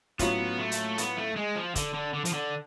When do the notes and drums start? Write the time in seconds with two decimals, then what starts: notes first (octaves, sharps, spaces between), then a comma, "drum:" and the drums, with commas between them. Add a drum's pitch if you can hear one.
0.19 A2 F#3 B3 C#4 F4, drum: kick, hi-hat
0.59 A3
0.72 drum: hi-hat
0.98 B3, drum: hi-hat
1.17 A3
1.36 G#3
1.56 F3
1.75 D3, drum: kick, hi-hat
1.94 D3
2.14 D3
2.25 F3, drum: hi-hat
2.33 D3